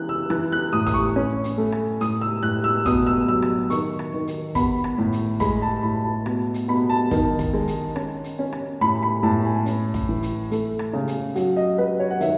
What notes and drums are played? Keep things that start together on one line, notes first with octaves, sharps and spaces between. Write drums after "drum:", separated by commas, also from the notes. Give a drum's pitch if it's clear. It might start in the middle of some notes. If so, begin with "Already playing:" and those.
Already playing: C#3 E3 F#6
E6
E3 F#6, drum: rim click
F#6
A2 D#6
D#6, drum: kick, hi-hat
C#6
C#4
drum: hi-hat
A3
drum: rim click
A2 D#6, drum: hi-hat
E6
A2 F#6
E6
B2 D#6, drum: kick, hi-hat
E6
F#3 E6
drum: rim click
D#3 C#6, drum: hi-hat
drum: rim click
D#3
drum: hi-hat
B3 B5, drum: kick, hi-hat
drum: rim click
A2
drum: hi-hat
G#3 B5, drum: kick, hi-hat
A5
A2 B5
A5
B2, drum: rim click
drum: hi-hat
B2 B5
A5
D#3, drum: kick, hi-hat
drum: kick, hi-hat
G#3
drum: hi-hat
C#4, drum: rim click
drum: hi-hat
C#4
drum: rim click
A2 B5
B5
A2 A5
G#5
C#4, drum: hi-hat
drum: kick, hi-hat
E3
drum: hi-hat
A3, drum: hi-hat
drum: rim click
C#3
drum: hi-hat
F#3, drum: hi-hat
D#5
F#3 B4
C#5
F#5
D#3 E5, drum: hi-hat